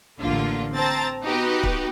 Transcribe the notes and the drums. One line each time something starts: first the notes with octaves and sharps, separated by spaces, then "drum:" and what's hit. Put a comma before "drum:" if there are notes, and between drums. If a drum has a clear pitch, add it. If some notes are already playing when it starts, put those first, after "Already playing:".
A1 D3 A#3 F4
C4 C5 A5 A#5 A6
B3 D#4 F#4 G4 B4
drum: kick